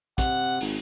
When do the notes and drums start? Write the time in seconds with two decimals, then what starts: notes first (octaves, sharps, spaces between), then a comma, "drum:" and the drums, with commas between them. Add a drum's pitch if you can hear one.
0.18 C3 F#5, drum: kick, hi-hat
0.60 G#1, drum: open hi-hat